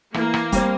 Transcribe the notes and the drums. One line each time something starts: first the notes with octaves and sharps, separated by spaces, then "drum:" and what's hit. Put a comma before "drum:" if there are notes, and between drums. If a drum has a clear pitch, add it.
E3 A#3, drum: rim click
drum: rim click
G3 C4, drum: kick, hi-hat